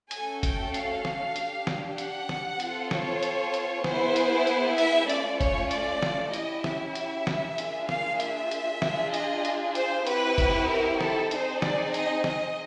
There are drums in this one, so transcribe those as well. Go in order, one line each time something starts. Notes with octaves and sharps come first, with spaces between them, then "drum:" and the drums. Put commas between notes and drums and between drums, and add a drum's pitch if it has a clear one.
A3 C#4 F#4 A4 G#5, drum: hi-hat
G5, drum: kick G1, hi-hat
F5, drum: hi-hat
drum: snare
D4 G4, drum: hi-hat
drum: snare
F#5, drum: hi-hat
drum: snare
C4 F4 A4, drum: hi-hat
C#5, drum: snare
drum: hi-hat
drum: hi-hat
B3 E4 G#4 C5, drum: snare
drum: hi-hat
drum: hi-hat
E5, drum: hi-hat
A3 C#4 F4 D5, drum: hi-hat
C#5, drum: kick G1, hi-hat
D5, drum: hi-hat
drum: snare
C#4 E4 G4 D#5, drum: hi-hat
E5, drum: snare
E5, drum: hi-hat
drum: snare
A#3 D4 F4 G#4, drum: hi-hat
F5, drum: snare
E5, drum: hi-hat
drum: hi-hat
D4 F4 G#4, drum: snare
D#5, drum: hi-hat
drum: hi-hat
C5, drum: hi-hat
C4 E4 G4 B4, drum: hi-hat
drum: kick G1, hi-hat
A#4
A4, drum: snare
C4 D#4 G#4 C5, drum: hi-hat
D5, drum: snare
D#5, drum: hi-hat
D#5, drum: snare